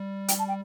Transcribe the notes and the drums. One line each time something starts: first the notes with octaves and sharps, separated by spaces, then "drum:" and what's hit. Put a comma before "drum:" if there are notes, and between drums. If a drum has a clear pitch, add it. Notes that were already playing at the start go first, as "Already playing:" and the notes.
Already playing: G3
G5, drum: hi-hat
A5
G5